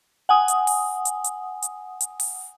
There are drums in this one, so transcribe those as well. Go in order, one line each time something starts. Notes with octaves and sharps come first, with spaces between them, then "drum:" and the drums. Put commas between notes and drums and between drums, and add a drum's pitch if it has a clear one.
F#5 G#5 D#6
drum: hi-hat
drum: open hi-hat
drum: hi-hat
drum: hi-hat
drum: hi-hat
drum: hi-hat
drum: open hi-hat